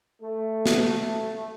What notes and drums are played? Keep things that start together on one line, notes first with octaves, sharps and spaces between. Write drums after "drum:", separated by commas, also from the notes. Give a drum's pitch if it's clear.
A3
drum: snare